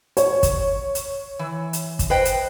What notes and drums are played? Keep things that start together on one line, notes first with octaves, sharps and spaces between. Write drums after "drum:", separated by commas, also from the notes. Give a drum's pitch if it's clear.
C#5, drum: hi-hat
drum: kick, hi-hat
drum: hi-hat
E3
drum: hi-hat
drum: kick, hi-hat
B4 C5 D#5 G5
drum: hi-hat